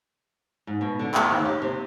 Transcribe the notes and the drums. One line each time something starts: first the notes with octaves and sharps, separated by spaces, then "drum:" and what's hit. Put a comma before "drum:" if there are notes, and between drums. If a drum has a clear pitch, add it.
G#2
B2
D3
D2, drum: clap
D#2
G4
C3